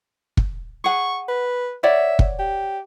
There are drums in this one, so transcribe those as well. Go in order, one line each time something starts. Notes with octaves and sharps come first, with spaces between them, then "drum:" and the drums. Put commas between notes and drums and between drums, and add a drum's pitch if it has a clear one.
drum: kick
G#4 F#5 C#6
B4
C#5 D5 E5 F#5
drum: kick
G4